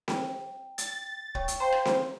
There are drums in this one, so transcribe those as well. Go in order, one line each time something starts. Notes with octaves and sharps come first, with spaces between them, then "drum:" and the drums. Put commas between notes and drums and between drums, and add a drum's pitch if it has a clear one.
G5, drum: snare C4
A6, drum: hi-hat
C#5 G5 C#6, drum: kick
drum: hi-hat
C5 F5 G5 A#5
drum: rim click
drum: snare C4